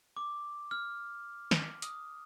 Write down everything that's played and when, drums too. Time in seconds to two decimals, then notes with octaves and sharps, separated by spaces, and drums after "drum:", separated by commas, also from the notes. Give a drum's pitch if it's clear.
0.17 D6
0.71 F6
1.51 drum: snare
1.82 D#6, drum: hi-hat